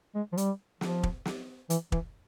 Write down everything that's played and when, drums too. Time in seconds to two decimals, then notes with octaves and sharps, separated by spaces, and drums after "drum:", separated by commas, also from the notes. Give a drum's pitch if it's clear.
0.15 G#3
0.33 F3
0.37 G3, drum: hi-hat
0.81 F3, drum: snare
1.03 drum: kick
1.25 drum: snare
1.70 E3, drum: hi-hat
1.92 E3, drum: kick